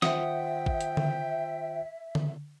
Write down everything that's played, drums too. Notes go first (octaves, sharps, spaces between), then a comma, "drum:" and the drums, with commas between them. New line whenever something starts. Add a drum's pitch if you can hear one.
D#3 F4 C5 E5 F#5 G5 D#6, drum: snare
drum: kick
drum: hi-hat
drum: tom D3
drum: tom D3